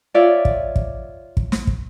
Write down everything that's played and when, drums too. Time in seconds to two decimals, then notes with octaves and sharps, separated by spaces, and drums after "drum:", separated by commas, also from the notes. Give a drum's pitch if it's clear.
0.14 F4 C#5 D5 E5
0.45 drum: kick
0.76 drum: kick
1.37 drum: kick
1.52 drum: snare
1.67 drum: kick